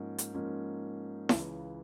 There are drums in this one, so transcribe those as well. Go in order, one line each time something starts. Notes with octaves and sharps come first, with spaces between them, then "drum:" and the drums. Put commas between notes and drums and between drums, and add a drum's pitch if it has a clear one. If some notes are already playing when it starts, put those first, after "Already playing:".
Already playing: G#2 F3 A#3 C#4
drum: hi-hat
G#2 F3 A#3 C#4
C#2 C#3 E3, drum: snare E4